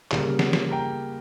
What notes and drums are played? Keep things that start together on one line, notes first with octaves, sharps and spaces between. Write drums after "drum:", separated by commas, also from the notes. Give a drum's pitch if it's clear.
C#3 G3 A#3, drum: clap
drum: snare
drum: snare
G5 A#5